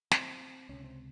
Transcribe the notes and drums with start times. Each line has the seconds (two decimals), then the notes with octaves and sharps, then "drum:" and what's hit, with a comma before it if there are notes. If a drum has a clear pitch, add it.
0.11 C4, drum: snare
0.69 C#2 C3 C#4
0.84 C4